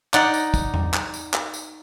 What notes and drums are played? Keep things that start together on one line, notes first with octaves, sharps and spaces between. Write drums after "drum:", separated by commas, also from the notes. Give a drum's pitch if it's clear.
D#4 D5 F#5, drum: clap
drum: tambourine
drum: kick, tambourine
drum: tom E2
drum: clap
drum: tambourine
drum: clap
drum: tambourine